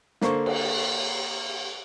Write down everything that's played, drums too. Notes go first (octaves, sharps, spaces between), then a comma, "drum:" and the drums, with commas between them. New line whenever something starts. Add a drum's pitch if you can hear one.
D3 A#3 C5 C#6, drum: snare
drum: cymbal